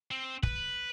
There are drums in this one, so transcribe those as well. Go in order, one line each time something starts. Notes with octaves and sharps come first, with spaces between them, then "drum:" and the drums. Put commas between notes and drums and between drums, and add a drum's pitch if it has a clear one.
C4
B4, drum: kick